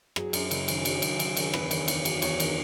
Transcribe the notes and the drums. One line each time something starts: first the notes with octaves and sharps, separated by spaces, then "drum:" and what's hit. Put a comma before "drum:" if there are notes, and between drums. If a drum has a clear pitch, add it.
F#3 G#4, drum: rim click
F#2, drum: cymbal
F#1, drum: cymbal
D#3, drum: cymbal
F#3, drum: cymbal
F#2, drum: cymbal
F#1, drum: cymbal
D#3, drum: cymbal
E2 B4, drum: rim click
D#3, drum: cymbal
E2, drum: cymbal
F#3, drum: cymbal
E2 C#5, drum: cymbal
D#3, drum: cymbal